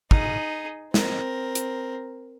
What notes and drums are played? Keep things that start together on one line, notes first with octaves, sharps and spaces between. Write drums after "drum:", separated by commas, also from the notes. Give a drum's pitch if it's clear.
D#4 G#4, drum: kick
C4 A#4, drum: snare
drum: hi-hat